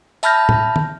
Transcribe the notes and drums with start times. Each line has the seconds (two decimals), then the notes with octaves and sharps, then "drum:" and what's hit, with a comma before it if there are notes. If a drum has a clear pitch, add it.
0.23 E5 A5 B5 F6 G6 A#6, drum: tambourine
0.49 drum: tom
0.76 drum: tom